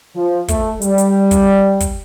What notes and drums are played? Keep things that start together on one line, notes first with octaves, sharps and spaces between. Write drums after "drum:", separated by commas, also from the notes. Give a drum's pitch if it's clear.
F3
A3, drum: kick, hi-hat
G3, drum: hi-hat
drum: hi-hat
drum: kick, hi-hat
drum: kick, hi-hat